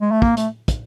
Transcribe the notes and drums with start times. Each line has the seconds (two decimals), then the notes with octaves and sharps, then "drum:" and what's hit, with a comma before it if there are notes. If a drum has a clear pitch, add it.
0.01 G#3
0.11 A3
0.22 A#3, drum: kick
0.37 A3, drum: hi-hat
0.68 drum: kick, hi-hat